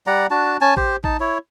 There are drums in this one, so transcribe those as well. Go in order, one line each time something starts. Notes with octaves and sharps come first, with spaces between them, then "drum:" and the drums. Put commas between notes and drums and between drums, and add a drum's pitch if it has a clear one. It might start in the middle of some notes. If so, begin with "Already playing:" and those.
G3 D5 F#5 A#5
D4 F#4 A5
C#4 G#5 A5
G4 C5, drum: kick A1
D#4 A5, drum: kick A1
E4 C#5